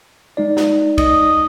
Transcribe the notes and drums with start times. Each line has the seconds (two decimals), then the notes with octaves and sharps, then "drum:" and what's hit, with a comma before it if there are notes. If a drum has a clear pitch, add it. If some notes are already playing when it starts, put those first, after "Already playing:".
0.37 G#3 D#4 D5
0.57 drum: snare
0.98 D#5, drum: kick, cymbal